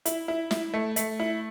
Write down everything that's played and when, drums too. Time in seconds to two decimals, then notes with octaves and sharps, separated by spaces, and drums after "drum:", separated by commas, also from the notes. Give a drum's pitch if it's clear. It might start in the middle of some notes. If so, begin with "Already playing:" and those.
0.06 E4, drum: hi-hat
0.28 E4
0.51 E4, drum: snare
0.74 A3
0.96 A3, drum: hi-hat
1.20 E4